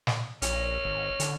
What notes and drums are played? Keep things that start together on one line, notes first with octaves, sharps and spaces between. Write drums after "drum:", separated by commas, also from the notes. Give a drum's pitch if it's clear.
drum: snare
A#1 C#4, drum: hi-hat
G#1
D3, drum: hi-hat